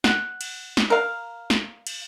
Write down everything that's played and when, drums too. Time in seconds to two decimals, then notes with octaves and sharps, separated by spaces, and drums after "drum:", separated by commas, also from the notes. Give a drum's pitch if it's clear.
0.04 F#5, drum: snare
0.41 drum: cymbal
0.77 drum: snare
0.90 A#4 F5
1.50 drum: snare
1.87 drum: cymbal